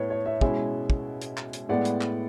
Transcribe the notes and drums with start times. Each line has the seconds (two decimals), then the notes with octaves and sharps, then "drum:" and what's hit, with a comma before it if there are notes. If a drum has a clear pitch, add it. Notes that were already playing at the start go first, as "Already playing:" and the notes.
Already playing: A2 B3 B4 C#5
0.10 C#5
0.26 C#5 E5
0.41 B2 G#3 C#4 E4 E5 G#5, drum: kick
0.90 drum: kick
1.21 drum: hi-hat
1.37 drum: clap
1.53 drum: hi-hat
1.69 A2 G#3 B3 D5 F#5
1.85 drum: hi-hat
2.01 drum: clap